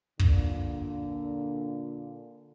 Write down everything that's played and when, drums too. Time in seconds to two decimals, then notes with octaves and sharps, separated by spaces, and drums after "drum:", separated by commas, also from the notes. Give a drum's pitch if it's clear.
0.20 A#2 D3, drum: kick